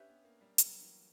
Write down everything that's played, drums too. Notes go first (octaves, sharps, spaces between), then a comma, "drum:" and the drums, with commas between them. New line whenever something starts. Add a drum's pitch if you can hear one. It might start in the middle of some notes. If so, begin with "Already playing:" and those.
Already playing: C#4 D4 G4 B4 E5
B3
A#3
G3
F#3, drum: hi-hat
E3